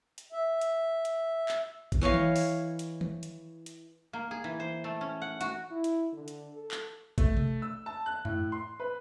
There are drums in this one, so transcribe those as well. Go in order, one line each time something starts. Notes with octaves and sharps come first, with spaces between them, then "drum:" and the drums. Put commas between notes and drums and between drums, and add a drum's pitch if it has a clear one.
drum: hi-hat
E5
drum: hi-hat
drum: hi-hat
drum: clap
drum: kick, hi-hat
E3 C#5 D#5 F5
drum: tom D#3
drum: open hi-hat
drum: hi-hat
drum: tom D#3
drum: hi-hat
drum: hi-hat
A#3
G#4
E3
C5
A3
C#4
F#5
F#4, drum: hi-hat
E4
drum: hi-hat
D3
drum: hi-hat
A4
drum: clap
A3, drum: kick, hi-hat
drum: tom B2
E6
A5
F#6
A2, drum: tom F2
C6
B4